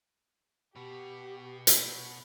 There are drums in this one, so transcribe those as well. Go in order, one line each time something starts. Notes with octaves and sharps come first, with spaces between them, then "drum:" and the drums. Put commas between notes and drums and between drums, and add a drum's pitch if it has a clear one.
B2 B3 G4
drum: hi-hat